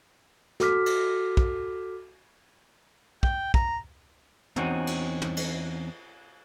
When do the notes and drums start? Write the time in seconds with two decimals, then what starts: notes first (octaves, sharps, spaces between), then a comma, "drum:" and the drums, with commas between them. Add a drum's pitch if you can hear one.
0.60 F#4 A4 D6 F6 B6, drum: snare
0.86 drum: cymbal
1.37 drum: kick
3.23 G5, drum: kick
3.54 A#5, drum: kick
4.56 E2 C4 C#4 D#4 F#4, drum: tom
4.87 drum: cymbal
5.22 drum: tom
5.37 drum: cymbal